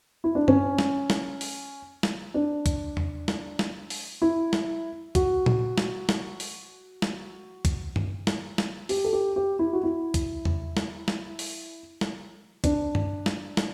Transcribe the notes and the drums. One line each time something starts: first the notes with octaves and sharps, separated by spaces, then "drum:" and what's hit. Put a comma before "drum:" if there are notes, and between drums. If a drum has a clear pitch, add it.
E4
D4
C#4, drum: tom G2
drum: snare
drum: snare
drum: open hi-hat
drum: snare
D4
drum: kick, hi-hat
drum: tom E2
drum: snare
drum: snare
drum: open hi-hat
E4
drum: snare
F#4, drum: kick, hi-hat
drum: tom A#2
drum: snare
drum: snare
drum: open hi-hat
drum: snare
drum: kick, hi-hat
drum: tom G2
drum: snare
drum: snare
G4, drum: open hi-hat
A4
G4
G4
E4
F#4
E4
drum: kick, hi-hat
drum: tom E2
drum: snare
drum: snare
drum: open hi-hat
drum: snare
D4, drum: kick, hi-hat
drum: tom G2
drum: snare
drum: snare